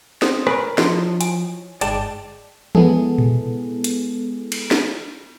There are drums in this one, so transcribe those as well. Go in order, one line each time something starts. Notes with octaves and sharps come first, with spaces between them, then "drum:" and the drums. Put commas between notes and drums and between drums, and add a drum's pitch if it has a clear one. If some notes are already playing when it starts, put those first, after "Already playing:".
C4 D4 C5 D#6, drum: snare
A#4 B4 C#5 G#5, drum: rim click
F3 E4 F#4 D#5, drum: snare
G#5, drum: hi-hat
G1 G#2 G#3 D5 G5 A5, drum: hi-hat
G#3 B3 E4 G#4 A4, drum: tom E3
drum: tom A#2
drum: hi-hat
drum: cymbal
drum: snare